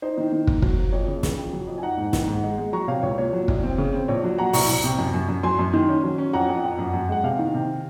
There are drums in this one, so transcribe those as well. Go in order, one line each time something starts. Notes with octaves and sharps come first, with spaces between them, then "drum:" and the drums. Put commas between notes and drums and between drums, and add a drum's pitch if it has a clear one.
D#4 C5
D#3
D#3
A#3, drum: kick
F#3, drum: kick
A#3
F2 C#5
C#3
C#3, drum: snare
F2
F#3
F2
G#5
D#4 F#5 A#5
G#2
D#3, drum: snare
G#2
G#3
G#3
F#3 A#5 C#6
C3 C#5 F5
C#2 C#5
A#2 C#5
F#3
C2, drum: kick
C4
C#3
C4
A#1 C#5
F#3
F#3 F#5 A#5
C2 A#5 C#6, drum: open hi-hat
C2
C3
F#2
F#2
F#2
F#3 G#5 C6
F#2
D#3
C#4
F#3
C#4
F2 F#5 A#5
F2
F2
F#2
F#2
G#3 F#5
C3 F5 G#5
D#3
C3